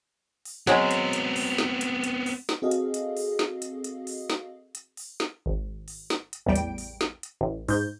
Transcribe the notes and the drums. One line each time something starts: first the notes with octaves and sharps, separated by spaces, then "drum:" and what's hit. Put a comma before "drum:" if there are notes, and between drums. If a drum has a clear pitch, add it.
drum: open hi-hat
F#3 G#3 B3 C4, drum: snare
drum: hi-hat
drum: hi-hat
drum: open hi-hat
drum: snare
drum: hi-hat
drum: hi-hat
drum: open hi-hat
drum: snare
C4 F#4 G#4 A4 D#5 F5
drum: hi-hat
drum: hi-hat
drum: open hi-hat
drum: snare
drum: hi-hat
drum: hi-hat
drum: open hi-hat
drum: snare
drum: hi-hat
drum: open hi-hat
drum: snare
G#1
drum: open hi-hat
drum: snare
drum: hi-hat
A1 E2 G3 G5 D7
drum: hi-hat
drum: open hi-hat
drum: snare
drum: hi-hat
A1
G#2 G6, drum: open hi-hat